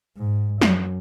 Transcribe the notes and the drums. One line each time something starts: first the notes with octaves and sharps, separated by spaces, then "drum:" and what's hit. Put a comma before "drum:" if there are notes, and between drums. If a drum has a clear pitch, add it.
G#2
F#2, drum: snare